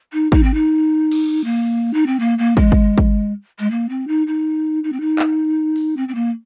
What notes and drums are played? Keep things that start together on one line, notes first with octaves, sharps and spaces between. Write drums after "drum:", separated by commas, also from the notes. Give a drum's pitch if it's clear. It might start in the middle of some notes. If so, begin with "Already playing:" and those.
D#4
D#4, drum: kick
C4
D#4
drum: cymbal
A#3
D#4
C4
A#3, drum: open hi-hat
A#3
G#3, drum: kick
drum: kick
drum: kick
G#3, drum: hi-hat
A#3
C4
D#4
D#4
D#4
C4
D#4
drum: clap
drum: open hi-hat
C4
C4
A#3